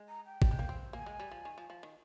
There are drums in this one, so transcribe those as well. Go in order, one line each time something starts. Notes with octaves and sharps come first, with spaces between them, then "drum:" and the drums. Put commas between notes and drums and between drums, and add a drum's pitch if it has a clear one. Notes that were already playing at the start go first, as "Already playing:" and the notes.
Already playing: G#3
A#5
G5
G3, drum: kick
G#3
A#3
C4
A#3 G#5
G#3
G3
F3
D#3
F3
F3
D#3